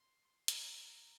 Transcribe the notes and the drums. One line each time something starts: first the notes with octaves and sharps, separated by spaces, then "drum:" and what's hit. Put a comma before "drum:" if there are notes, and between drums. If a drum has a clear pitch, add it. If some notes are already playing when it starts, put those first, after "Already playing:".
Already playing: C6
A#5, drum: hi-hat